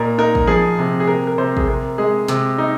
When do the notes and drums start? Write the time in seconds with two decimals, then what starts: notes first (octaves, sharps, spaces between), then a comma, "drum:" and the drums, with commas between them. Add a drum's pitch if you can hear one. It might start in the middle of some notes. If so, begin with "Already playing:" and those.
Already playing: A#2 D#4 A#4
0.18 D#4 A#4
0.35 drum: kick
0.47 F3 G#4
0.79 C3
1.00 G#4
1.08 C3 A#4
1.27 A#4
1.38 C3 C5
1.57 G#4, drum: kick
1.68 C3 A#4
1.98 G#3 G#4
2.28 C3, drum: snare
2.58 D#4